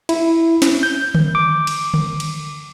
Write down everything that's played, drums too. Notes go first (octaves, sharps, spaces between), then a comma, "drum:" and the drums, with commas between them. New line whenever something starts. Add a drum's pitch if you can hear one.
E4, drum: cymbal
drum: snare
G6
drum: tom D3
D6
drum: cymbal
drum: tom D3
drum: cymbal